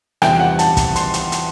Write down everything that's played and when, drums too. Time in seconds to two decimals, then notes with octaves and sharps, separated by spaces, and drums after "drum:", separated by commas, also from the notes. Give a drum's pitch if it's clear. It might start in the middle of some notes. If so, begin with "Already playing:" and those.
0.22 E2 C3 E3 G3 G5, drum: rim click
0.40 F#5
0.59 A5, drum: hi-hat
0.77 drum: kick, hi-hat
0.96 C6, drum: hi-hat
1.14 drum: hi-hat
1.32 drum: hi-hat